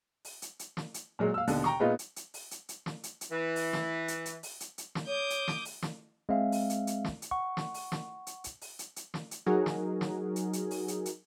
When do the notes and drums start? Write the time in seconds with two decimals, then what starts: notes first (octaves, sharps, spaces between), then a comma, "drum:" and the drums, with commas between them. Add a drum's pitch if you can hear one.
0.25 drum: open hi-hat
0.42 drum: hi-hat
0.59 drum: hi-hat
0.77 drum: snare
0.94 drum: hi-hat
1.19 A#2 F#3 G#3
1.34 F5 E6
1.47 D#2 B2 D3, drum: open hi-hat
1.64 G5 A#5 C#6, drum: snare
1.79 A#2 G#3 B3 D#4 F4
1.99 drum: hi-hat
2.16 drum: hi-hat
2.34 drum: open hi-hat
2.51 drum: hi-hat
2.69 drum: hi-hat
2.86 drum: snare
3.03 drum: hi-hat
3.21 drum: hi-hat
3.32 E3
3.56 drum: open hi-hat
3.73 drum: snare
4.08 drum: hi-hat
4.26 drum: hi-hat
4.43 drum: open hi-hat
4.60 drum: hi-hat
4.78 drum: hi-hat
4.95 drum: snare
5.07 C#5 D6 D#6 G6
5.30 drum: hi-hat
5.48 drum: snare
5.65 drum: open hi-hat
5.82 drum: snare
6.29 G#3 C4 E5 F5
6.52 drum: open hi-hat
6.70 drum: hi-hat
6.87 drum: hi-hat
7.05 drum: snare
7.22 drum: hi-hat
7.31 F#5 C#6
7.57 drum: snare
7.74 drum: open hi-hat
7.92 drum: snare
8.27 drum: hi-hat
8.44 drum: hi-hat
8.61 drum: open hi-hat
8.79 drum: hi-hat
8.96 drum: hi-hat
9.14 drum: snare
9.31 drum: hi-hat
9.46 F#3 D#4 F#4 G#4 A#4
9.66 drum: snare
10.01 drum: snare
10.36 drum: hi-hat
10.53 drum: hi-hat
10.71 drum: open hi-hat
10.88 drum: hi-hat
11.06 drum: hi-hat